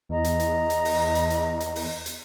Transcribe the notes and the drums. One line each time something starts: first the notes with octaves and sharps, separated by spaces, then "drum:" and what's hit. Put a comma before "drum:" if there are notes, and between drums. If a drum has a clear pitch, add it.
E2 D#5 A#5
drum: hi-hat
drum: hi-hat
drum: hi-hat
drum: open hi-hat
drum: hi-hat
drum: hi-hat
drum: hi-hat
drum: open hi-hat
drum: hi-hat